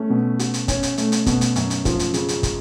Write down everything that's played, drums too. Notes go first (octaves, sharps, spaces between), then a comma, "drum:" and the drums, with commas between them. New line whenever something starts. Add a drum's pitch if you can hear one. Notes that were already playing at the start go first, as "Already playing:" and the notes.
Already playing: A3 C#4
B2
F#4, drum: hi-hat
drum: hi-hat
C#4, drum: kick, hi-hat
drum: hi-hat
A3, drum: hi-hat
drum: hi-hat
B2, drum: kick, hi-hat
drum: hi-hat
F#2, drum: hi-hat
drum: hi-hat
F3, drum: kick, hi-hat
drum: hi-hat
C#3, drum: hi-hat
drum: hi-hat
drum: kick, hi-hat